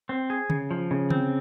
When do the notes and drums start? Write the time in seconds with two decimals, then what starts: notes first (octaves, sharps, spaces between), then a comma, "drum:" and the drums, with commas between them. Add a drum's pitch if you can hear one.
0.09 C4
0.30 G#4
0.50 C#3, drum: tom D3
0.71 F3
0.91 C#3
1.10 C4, drum: tom D3